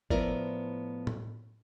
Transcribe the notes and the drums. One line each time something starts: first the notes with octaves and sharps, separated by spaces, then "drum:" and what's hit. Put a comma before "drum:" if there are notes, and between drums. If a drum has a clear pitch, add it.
A2 F3 B3 E4 A#4 D5, drum: kick
drum: tom A2